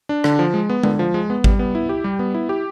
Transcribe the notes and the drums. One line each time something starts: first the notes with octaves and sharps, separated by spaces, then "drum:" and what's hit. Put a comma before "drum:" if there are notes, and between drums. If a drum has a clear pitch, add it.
D4
D3, drum: rim click
F3
G#3
B3
D3, drum: tom G#3
F3
G#3
B3
G3, drum: kick G#1
B3
E4
G4
G3
B3
E4
G4